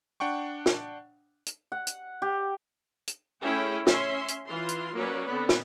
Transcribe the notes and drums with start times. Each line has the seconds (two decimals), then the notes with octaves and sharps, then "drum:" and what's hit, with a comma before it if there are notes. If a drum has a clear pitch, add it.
0.20 D4 F#5 G5 C#6
0.66 drum: snare
1.46 drum: hi-hat
1.72 F#5
1.87 drum: hi-hat
2.22 G4
3.07 drum: hi-hat
3.42 A3 C#4 E4 G#4 G5
3.87 C#4 E5 C6, drum: snare
4.28 drum: hi-hat
4.46 E3 F4 C6
4.68 drum: hi-hat
4.95 F#3 A#3 C#4 B4 C#5 D5
5.29 D3 B3 C4
5.49 drum: snare